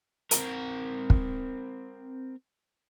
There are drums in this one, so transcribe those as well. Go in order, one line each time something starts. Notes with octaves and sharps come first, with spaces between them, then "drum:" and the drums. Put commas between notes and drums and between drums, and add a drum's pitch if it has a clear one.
C4 A#4, drum: hi-hat
drum: kick